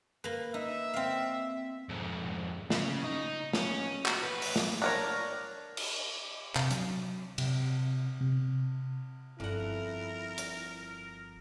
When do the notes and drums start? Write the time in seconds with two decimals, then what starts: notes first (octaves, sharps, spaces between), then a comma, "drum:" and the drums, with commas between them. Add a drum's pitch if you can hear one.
0.24 A#3 B4
0.54 D#4 E5
0.94 C4 F5
1.89 F2 G#2
2.70 C#3, drum: snare
3.04 D#4
3.53 C#4, drum: snare
4.06 F#4, drum: clap
4.22 A2 B4
4.42 drum: open hi-hat
4.56 drum: snare
4.82 D4 A#4 C#5
5.77 drum: cymbal
6.56 C3, drum: clap
6.71 F#3, drum: hi-hat
7.38 C3, drum: cymbal
8.21 C3
9.40 G1 F2 E4 A#4 F#5
10.38 drum: hi-hat